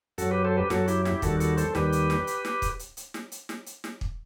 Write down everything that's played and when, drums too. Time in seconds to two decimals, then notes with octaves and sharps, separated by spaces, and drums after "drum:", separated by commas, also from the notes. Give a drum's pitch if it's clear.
0.18 F#2 F#3 F#4 A4, drum: hi-hat
0.31 G4 B4
0.45 A4 C5
0.57 G4 B4
0.70 F#2 F#3 F#4 A4, drum: snare
0.88 E4 G4, drum: hi-hat
1.05 E4 G4, drum: snare
1.22 D#2 D#3 G3 F#4 A4, drum: kick, hi-hat
1.40 F#4 A4, drum: hi-hat
1.57 A4 C5, drum: hi-hat
1.75 D#2 D#3 G3 G4 B4, drum: snare
1.92 drum: hi-hat
2.10 drum: snare
2.27 drum: hi-hat
2.45 drum: snare
2.62 drum: kick, hi-hat
2.79 drum: hi-hat
2.97 drum: hi-hat
3.14 drum: snare
3.32 drum: hi-hat
3.49 drum: snare
3.66 drum: hi-hat
3.84 drum: snare
4.01 drum: kick